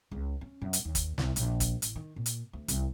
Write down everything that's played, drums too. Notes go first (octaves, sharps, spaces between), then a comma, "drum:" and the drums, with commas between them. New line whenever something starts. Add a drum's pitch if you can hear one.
C#2
C#4
F#2
drum: hi-hat
D#2
drum: kick, hi-hat
C2, drum: snare
A#1, drum: hi-hat
drum: kick, hi-hat
A1, drum: hi-hat
D#3
A#2
drum: hi-hat
D2
C2, drum: hi-hat